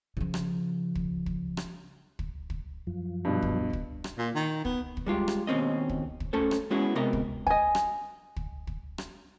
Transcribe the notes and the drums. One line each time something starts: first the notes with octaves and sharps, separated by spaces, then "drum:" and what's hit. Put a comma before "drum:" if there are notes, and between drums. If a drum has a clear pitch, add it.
C#3 F3
drum: rim click
drum: kick
drum: kick
drum: rim click
drum: kick
drum: kick
F#2 F3
G2 B2
drum: kick
drum: kick
drum: rim click
A#2
D#3
B3, drum: kick
drum: kick
G3 G#3 F4 G4
drum: rim click
D#2 B2 C4 C#4 D#5
drum: kick
drum: kick
A3 C#4 A4 C5
drum: rim click
G#3 B3 C#4 E4 F#4 G#4
C3 G#3 B3 A#4 D#5
drum: kick
D#5 G#5, drum: kick
drum: rim click
drum: kick
drum: kick
drum: rim click